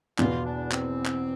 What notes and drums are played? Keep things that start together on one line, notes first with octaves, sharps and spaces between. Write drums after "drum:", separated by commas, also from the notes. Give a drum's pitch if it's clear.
E2 B2 B3 F4, drum: clap
D4
C4, drum: clap
drum: clap